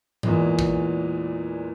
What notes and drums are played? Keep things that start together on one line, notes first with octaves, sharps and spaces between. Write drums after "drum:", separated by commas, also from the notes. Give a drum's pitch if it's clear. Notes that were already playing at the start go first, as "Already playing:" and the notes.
E2 A#2 E3 G#3, drum: tom G#2
drum: kick